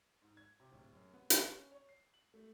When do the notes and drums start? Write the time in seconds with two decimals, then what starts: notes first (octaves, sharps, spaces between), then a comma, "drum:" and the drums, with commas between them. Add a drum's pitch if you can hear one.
0.22 G#2
0.37 G#6
0.60 C3
0.72 D1
0.93 F#2
1.14 B3
1.30 drum: hi-hat
1.48 C#4
1.71 C#5
1.89 C7
2.14 F#7
2.34 A3